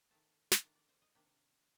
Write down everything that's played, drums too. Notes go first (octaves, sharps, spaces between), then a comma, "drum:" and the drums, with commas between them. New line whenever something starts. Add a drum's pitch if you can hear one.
D#3 A3 C4 A5
drum: snare
D#3 A3 D4 A5
D5
C5
D#5
C3 D#3 A#3 D4 G5